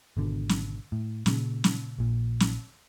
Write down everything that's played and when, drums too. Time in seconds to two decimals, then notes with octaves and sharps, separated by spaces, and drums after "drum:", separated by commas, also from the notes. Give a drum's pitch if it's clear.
0.17 G#1 B2 D3
0.49 drum: snare
0.92 A2
1.26 A#2 C#3, drum: snare
1.64 drum: snare
1.99 A#1 A#2
2.40 drum: snare